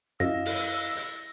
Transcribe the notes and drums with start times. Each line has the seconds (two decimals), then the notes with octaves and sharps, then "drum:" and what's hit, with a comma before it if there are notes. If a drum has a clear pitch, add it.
0.20 F#2 E4 D#5 F5 E6 A#6
0.46 drum: open hi-hat
0.96 drum: hi-hat